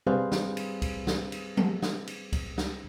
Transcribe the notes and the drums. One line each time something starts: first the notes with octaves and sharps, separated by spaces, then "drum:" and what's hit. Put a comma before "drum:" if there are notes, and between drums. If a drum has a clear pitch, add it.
G3 C4 G#4 B4 C5 F5, drum: tom
drum: snare
drum: cymbal
drum: kick C#2, cymbal
drum: snare
drum: cymbal
drum: tom E3
drum: snare
drum: cymbal
drum: kick C#2, cymbal
drum: snare